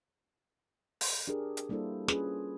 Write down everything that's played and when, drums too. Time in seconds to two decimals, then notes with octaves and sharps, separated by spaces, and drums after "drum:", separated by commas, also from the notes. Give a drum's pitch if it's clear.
1.01 drum: open hi-hat
1.28 D4 G4 G#4 A#4
1.57 drum: hi-hat
1.69 G3 A#3 D4 E4 A4 C5
2.08 C#4 F4 G#4 B4, drum: snare